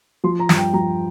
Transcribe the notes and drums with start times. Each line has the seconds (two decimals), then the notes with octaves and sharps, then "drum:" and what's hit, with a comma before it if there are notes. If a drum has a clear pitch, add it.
0.24 F3 C6
0.40 A#5
0.49 G2, drum: snare
0.57 G5
0.74 F3 A#5